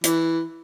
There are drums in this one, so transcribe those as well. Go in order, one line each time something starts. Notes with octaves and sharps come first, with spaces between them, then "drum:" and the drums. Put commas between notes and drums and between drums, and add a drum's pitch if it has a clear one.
E3, drum: hi-hat